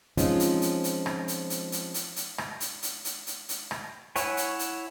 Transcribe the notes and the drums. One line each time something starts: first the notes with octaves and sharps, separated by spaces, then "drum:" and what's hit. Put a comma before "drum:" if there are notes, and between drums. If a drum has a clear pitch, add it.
F3 G#3 C4 C#4 D#4 F4, drum: hi-hat
drum: hi-hat
drum: hi-hat
drum: hi-hat
drum: rim click
drum: hi-hat
drum: hi-hat
drum: hi-hat
drum: hi-hat
drum: hi-hat
drum: rim click
drum: hi-hat
drum: hi-hat
drum: hi-hat
drum: hi-hat
drum: hi-hat
drum: rim click
E4 C#5 F#5 G#5, drum: hi-hat
drum: hi-hat
drum: hi-hat